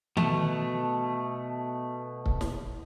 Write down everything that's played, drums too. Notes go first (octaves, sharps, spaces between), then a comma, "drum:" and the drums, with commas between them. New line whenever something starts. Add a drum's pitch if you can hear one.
B2 A3, drum: tom D#3
drum: kick C#1
drum: snare